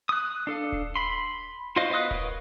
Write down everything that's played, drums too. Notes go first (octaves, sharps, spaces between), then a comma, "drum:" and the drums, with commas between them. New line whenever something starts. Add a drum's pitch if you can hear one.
D#6 F#6
D4 A4 F5
drum: kick D#1
B5 C6
F4 F#4 C5 D#5 F5
B3 D#5 F5 D#6 F#6
A#4 B4 C#5 F5, drum: kick D#1